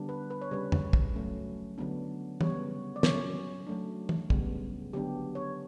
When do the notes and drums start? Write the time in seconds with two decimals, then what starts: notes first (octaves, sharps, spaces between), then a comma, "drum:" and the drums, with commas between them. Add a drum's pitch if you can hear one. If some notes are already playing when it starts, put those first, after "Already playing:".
Already playing: D3 G3 B3 D4
0.09 B4
0.30 B4
0.42 C#5
0.51 C#3 G3 C#4 B4
0.72 drum: tom F2
0.93 drum: kick
1.14 F#3 A3 C#4
1.78 D3 F#3 B3 D4
2.41 C#3 G3 B3 C#5, drum: tom
2.96 D5
3.03 F#3 C#4 C#5, drum: snare
3.67 F#3 A3 D4
4.09 drum: tom
4.30 C#3 G3 B3, drum: kick
4.93 D3 F#3 B3 D4 G4
5.35 C#5